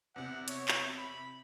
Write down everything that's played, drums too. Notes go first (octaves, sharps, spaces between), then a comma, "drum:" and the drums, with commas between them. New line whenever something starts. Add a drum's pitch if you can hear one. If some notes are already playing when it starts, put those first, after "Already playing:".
E2 C3 F#5
C#5, drum: hi-hat
drum: clap
B5